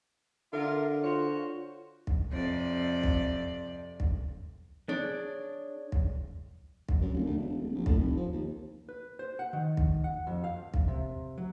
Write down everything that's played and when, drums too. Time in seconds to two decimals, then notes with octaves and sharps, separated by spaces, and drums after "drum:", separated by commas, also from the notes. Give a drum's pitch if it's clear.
0.53 D3 F4 A#4 E5
1.03 F4 F#4 C5 C#5
2.07 drum: kick
2.31 F2 C3 D5
3.03 drum: kick
4.00 drum: kick
4.89 D4 G#4 C#5
5.92 drum: kick
6.89 drum: kick
7.01 F#2
7.14 F1
7.26 D2
7.38 E1
7.59 D1
7.75 A#1
7.86 A2, drum: kick
7.98 F1
8.17 F3
8.32 D#2
8.89 B4
9.19 C5
9.39 F#5
9.53 D#3
9.77 drum: kick
10.04 F#5
10.27 F2
10.44 F5
10.74 drum: kick
10.88 C3
11.38 F#3